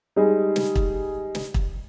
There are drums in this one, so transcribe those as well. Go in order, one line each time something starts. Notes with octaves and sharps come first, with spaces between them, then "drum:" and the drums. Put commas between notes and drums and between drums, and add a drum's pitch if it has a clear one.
G3 G#3 D#4 G#4
drum: snare
drum: kick
drum: snare
drum: kick